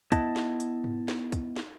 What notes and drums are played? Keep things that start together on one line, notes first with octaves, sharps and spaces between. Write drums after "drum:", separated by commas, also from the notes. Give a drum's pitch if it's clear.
B3 E4 D#5 A5, drum: kick, hi-hat
drum: snare
drum: hi-hat
drum: tom G#2
drum: snare
drum: kick, hi-hat
drum: snare